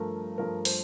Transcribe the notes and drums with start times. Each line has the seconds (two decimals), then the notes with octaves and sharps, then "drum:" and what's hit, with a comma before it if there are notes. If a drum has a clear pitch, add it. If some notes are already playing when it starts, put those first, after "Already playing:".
Already playing: G2 F3 A3 A#4
0.38 G2 F3 A3 A#4
0.65 C5, drum: open hi-hat